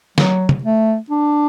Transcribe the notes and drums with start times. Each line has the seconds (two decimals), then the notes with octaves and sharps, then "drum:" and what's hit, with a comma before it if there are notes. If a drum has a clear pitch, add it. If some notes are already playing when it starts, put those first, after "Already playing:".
0.18 F#3, drum: snare
0.49 drum: tom
0.64 A3
1.10 D4